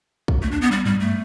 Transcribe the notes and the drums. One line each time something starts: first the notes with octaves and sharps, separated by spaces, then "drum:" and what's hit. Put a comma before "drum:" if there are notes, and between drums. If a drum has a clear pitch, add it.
drum: kick
A3
D4
B3
G3
G3, drum: tom G2
A3